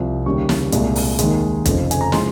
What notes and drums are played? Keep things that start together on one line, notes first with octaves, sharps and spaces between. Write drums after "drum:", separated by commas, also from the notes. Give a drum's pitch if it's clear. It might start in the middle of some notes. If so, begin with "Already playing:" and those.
Already playing: C2 C3 F3
D#2 C#3 G3 C#6
drum: snare
C2 A#2 G#3, drum: hi-hat
drum: open hi-hat
D#2 D#3 G#3, drum: hi-hat
F1 F2 C#3 F3, drum: kick, hi-hat
G#5, drum: hi-hat
A#5
C#3 F3 G#3 C6, drum: snare